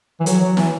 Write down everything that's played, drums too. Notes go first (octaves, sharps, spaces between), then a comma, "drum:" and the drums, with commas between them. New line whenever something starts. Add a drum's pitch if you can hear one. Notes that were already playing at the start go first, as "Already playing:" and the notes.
E3
F#3, drum: hi-hat
F#3
E3, drum: snare